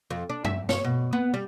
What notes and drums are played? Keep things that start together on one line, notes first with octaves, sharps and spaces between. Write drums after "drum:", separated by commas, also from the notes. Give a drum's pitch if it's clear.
F2
D4
E5, drum: tom F#2
C#5, drum: snare
B2
B3
G3